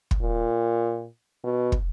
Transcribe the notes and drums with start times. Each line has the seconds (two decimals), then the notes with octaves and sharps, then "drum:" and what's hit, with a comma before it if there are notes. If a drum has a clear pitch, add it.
0.11 drum: kick
0.22 A#2
1.44 B2
1.72 drum: kick